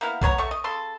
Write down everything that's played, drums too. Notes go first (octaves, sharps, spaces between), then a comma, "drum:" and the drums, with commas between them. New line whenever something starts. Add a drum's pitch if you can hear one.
A#3 B3 E4 F5
F#3 B3 C#5 A#5, drum: kick
A3 A4 C#6
D#5
C#3 A4 C6